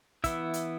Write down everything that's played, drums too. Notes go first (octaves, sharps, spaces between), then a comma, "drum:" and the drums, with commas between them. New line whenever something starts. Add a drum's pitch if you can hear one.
E3 B3 E4 E5, drum: kick, hi-hat
drum: hi-hat